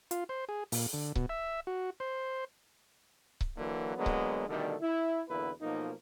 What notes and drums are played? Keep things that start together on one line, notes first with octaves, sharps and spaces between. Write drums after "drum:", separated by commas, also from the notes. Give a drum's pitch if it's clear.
F4, drum: hi-hat
C5
G#4
A#2, drum: open hi-hat
D3
B2, drum: kick C#1
E5
F#4
C5
drum: kick C#1
D3 E3 F#3 A#3
D3 F#3 G#3 A#3 B3
drum: kick C#1
B2 D3 D#3 G3 A3
E4
B1 E2 D3 A#3 E4 B4
B1 B2 F3 A#3 D#4